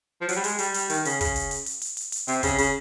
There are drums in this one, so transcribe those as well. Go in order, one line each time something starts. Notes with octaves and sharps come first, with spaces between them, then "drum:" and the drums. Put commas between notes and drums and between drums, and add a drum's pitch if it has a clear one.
F3
F#3, drum: hi-hat
G3
G#3, drum: hi-hat
G3, drum: hi-hat
G3, drum: hi-hat
D#3, drum: hi-hat
C#3, drum: hi-hat
C#3, drum: kick, hi-hat
drum: hi-hat
drum: hi-hat
drum: hi-hat
drum: hi-hat
drum: hi-hat
drum: hi-hat
C3, drum: hi-hat
C#3, drum: kick, hi-hat
C#3, drum: hi-hat